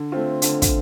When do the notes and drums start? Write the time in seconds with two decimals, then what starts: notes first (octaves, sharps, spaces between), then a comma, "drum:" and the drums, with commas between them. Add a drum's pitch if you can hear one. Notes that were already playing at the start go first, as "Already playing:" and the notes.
Already playing: D3
0.12 A3 C4 F4
0.42 D3, drum: hi-hat
0.62 drum: kick, hi-hat